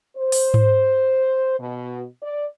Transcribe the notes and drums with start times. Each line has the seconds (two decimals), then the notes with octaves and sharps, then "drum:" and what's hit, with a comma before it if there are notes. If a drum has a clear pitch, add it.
0.17 C5
0.32 drum: open hi-hat
0.54 drum: tom G#2
1.60 B2
2.23 D5